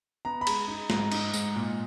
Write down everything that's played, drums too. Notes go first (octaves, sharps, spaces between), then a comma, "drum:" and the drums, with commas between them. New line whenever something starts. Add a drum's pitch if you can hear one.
B3 A#5
B5
G#3, drum: cymbal
D#4
G#2 A#5, drum: snare
D#4, drum: cymbal
G#2, drum: tambourine
A#2